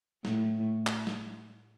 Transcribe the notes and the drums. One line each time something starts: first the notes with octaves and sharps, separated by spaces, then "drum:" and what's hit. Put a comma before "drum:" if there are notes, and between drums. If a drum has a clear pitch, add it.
A2, drum: snare
drum: clap
drum: snare